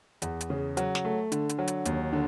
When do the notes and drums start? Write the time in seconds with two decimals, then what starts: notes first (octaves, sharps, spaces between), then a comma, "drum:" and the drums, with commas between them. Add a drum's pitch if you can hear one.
0.22 E2, drum: hi-hat
0.41 drum: hi-hat
0.50 C#3
0.77 F#3, drum: hi-hat
0.95 drum: snare
1.05 A3
1.32 D3, drum: hi-hat
1.49 drum: hi-hat
1.59 F#3
1.68 drum: hi-hat
1.85 D#2, drum: hi-hat
2.13 D3